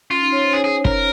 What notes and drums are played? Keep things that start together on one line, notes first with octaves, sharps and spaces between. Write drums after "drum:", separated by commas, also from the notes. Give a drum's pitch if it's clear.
C#4 F4
D#4
C#5
C5
G#4
G#4
A#4, drum: kick